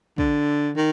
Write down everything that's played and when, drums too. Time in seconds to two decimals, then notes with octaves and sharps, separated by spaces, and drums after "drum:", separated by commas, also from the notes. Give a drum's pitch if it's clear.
0.18 D3, drum: kick
0.77 D#3